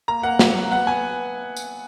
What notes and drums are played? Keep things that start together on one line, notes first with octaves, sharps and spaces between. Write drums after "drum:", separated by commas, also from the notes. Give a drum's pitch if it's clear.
A#3 A#5
A#3 F#5
F#3, drum: snare
F#3
B3 F#5
B3 G#5
drum: tambourine